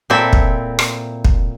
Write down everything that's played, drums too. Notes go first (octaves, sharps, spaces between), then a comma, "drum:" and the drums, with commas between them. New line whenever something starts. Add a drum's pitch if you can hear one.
A#2 C4 E4 A4 E5
drum: kick
drum: rim click
drum: kick